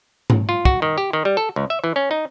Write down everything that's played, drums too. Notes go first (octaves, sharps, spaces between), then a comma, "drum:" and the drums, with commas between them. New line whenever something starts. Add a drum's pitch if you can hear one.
drum: tom G#2
F4
F#4, drum: kick
D#3
G4
D#3
G3
A4
C#2
E5
E3
C#4
D#4